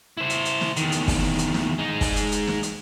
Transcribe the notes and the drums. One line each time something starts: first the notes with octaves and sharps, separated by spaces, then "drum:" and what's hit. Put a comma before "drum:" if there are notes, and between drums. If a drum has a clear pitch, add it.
E4 C5
drum: hi-hat
drum: hi-hat
drum: snare
E2 D#3, drum: hi-hat
drum: hi-hat
drum: kick, open hi-hat
drum: hi-hat
drum: snare
G#3 D#4
drum: kick, open hi-hat
drum: hi-hat
drum: hi-hat
drum: snare
drum: hi-hat